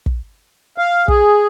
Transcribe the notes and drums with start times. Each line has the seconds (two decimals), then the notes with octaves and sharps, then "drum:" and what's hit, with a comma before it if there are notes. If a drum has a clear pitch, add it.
0.06 drum: kick
0.78 F5
1.08 G#4, drum: kick